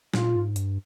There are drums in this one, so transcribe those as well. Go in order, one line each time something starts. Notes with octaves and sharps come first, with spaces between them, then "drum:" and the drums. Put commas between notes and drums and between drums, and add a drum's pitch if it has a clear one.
A#2 F4, drum: snare
G#2
G2, drum: hi-hat